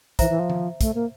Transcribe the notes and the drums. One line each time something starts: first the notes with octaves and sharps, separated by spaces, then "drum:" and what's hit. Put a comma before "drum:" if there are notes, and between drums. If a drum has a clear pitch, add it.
E3 C5 E5 A#5, drum: kick, hi-hat
E3
F3
drum: tom D#3
A3, drum: kick, hi-hat
A#3